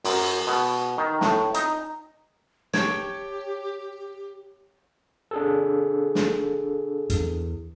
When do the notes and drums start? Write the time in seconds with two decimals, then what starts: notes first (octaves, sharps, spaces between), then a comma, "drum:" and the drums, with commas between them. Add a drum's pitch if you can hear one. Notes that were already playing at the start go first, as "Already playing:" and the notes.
0.04 F#2, drum: open hi-hat
0.47 B2
0.98 D#3
1.21 A2, drum: snare
1.54 D#4, drum: hi-hat
2.74 G4 C#5 G5 A5, drum: snare
5.31 D4 G#4 A4
6.15 drum: snare
7.10 E2, drum: hi-hat